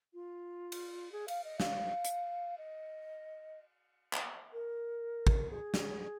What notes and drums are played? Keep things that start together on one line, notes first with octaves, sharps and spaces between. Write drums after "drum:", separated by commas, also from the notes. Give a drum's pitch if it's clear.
F4
drum: cymbal
G#4
F5, drum: cymbal
D#5
F5, drum: snare
drum: hi-hat
D#5
drum: clap
A#4
drum: kick
G#4
drum: snare